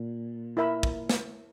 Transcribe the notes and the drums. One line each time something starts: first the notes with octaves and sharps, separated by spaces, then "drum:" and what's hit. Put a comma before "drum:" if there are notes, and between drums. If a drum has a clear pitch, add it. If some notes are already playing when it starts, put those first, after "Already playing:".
Already playing: A#2
E4 A#4 E5 B5
drum: kick
drum: snare